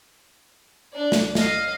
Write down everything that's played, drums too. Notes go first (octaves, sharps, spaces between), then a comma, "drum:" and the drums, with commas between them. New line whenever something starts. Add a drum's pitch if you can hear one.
D4 D5
drum: snare
D#5 F5, drum: snare